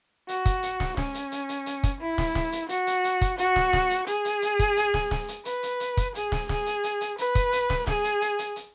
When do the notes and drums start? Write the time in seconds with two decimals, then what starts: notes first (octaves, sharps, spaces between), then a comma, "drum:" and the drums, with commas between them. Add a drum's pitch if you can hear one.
0.29 F#4, drum: hi-hat
0.46 drum: kick, hi-hat
0.63 drum: hi-hat
0.80 drum: snare
0.97 C#4, drum: snare
1.15 drum: hi-hat
1.32 drum: hi-hat
1.49 drum: hi-hat
1.66 drum: hi-hat
1.84 drum: kick, hi-hat
2.01 E4
2.18 drum: snare
2.35 drum: snare
2.52 drum: hi-hat
2.69 F#4, drum: hi-hat
2.87 drum: hi-hat
3.04 drum: hi-hat
3.21 drum: kick, hi-hat
3.38 F#4, drum: hi-hat
3.56 drum: snare
3.73 drum: snare
3.90 drum: hi-hat
4.07 G#4, drum: hi-hat
4.25 drum: hi-hat
4.42 drum: hi-hat
4.59 drum: kick, hi-hat
4.77 drum: hi-hat
4.94 drum: snare
5.11 drum: snare
5.28 drum: hi-hat
5.45 B4, drum: hi-hat
5.63 drum: hi-hat
5.80 drum: hi-hat
5.97 drum: kick, hi-hat
6.15 G#4, drum: hi-hat
6.32 drum: snare
6.49 G#4, drum: snare
6.66 drum: hi-hat
6.84 drum: hi-hat
7.01 drum: hi-hat
7.18 B4, drum: hi-hat
7.35 drum: kick, hi-hat
7.53 drum: hi-hat
7.70 drum: snare
7.87 G#4, drum: snare
8.04 drum: hi-hat
8.22 drum: hi-hat
8.39 drum: hi-hat
8.56 drum: hi-hat